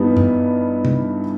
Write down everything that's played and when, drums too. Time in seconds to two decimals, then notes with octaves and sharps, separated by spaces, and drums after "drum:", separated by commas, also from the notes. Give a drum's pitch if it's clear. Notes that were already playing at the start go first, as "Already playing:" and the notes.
Already playing: G2 E3 G3 B3 D#4
0.17 drum: tom F#2
0.85 drum: tom C3